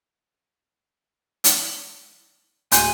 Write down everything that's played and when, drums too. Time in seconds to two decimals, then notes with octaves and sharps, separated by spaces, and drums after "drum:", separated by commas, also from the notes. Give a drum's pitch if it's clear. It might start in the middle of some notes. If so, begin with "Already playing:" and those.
1.44 drum: hi-hat
2.72 D1 G#5 C6 G6, drum: hi-hat